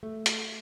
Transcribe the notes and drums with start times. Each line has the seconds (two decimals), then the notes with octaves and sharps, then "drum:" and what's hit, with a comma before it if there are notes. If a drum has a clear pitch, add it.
0.03 A3
0.26 drum: hi-hat